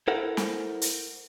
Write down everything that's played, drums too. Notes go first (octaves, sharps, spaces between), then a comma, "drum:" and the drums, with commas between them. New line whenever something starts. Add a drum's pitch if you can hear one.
E4 A4 A#4 C5 F#5
drum: snare
drum: hi-hat